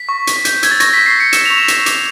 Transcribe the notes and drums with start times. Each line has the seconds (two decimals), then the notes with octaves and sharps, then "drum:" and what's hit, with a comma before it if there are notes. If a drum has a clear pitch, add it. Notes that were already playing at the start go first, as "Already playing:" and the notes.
Already playing: B6
0.09 C#6
0.27 C#6, drum: hi-hat
0.45 G6, drum: hi-hat
0.63 E6 G#6, drum: hi-hat
0.71 A6
0.80 C#6 A#6, drum: hi-hat
0.93 C#6 B6
1.06 C7
1.15 G6 C#7
1.33 E6 E7, drum: hi-hat
1.45 C#6 F7
1.58 E7
1.68 C#6, drum: hi-hat
1.86 D6, drum: hi-hat